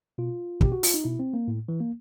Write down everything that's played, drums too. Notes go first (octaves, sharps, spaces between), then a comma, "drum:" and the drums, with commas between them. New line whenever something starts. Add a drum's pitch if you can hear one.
B2 F4
B2 G4, drum: kick
F#4
F4, drum: open hi-hat
D#4
B2 E4
C4
A#3
A2
E3
A#3